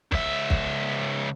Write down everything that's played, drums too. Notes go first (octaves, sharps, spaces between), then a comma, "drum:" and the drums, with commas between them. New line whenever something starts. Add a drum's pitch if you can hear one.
C#2 E5, drum: kick
drum: kick